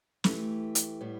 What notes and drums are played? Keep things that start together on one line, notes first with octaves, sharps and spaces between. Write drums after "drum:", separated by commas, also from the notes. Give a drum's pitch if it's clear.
E3 A3 G4, drum: snare
drum: hi-hat
A2 G3 B3